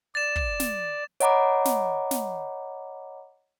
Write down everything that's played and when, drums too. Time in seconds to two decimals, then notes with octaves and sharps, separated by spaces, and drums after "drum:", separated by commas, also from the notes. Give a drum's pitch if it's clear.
0.15 D5 A6 E7
0.36 drum: kick
0.60 drum: snare
1.20 C#5 D#5 F#5 A#5 B5 D6, drum: hi-hat
1.65 drum: snare
2.11 drum: snare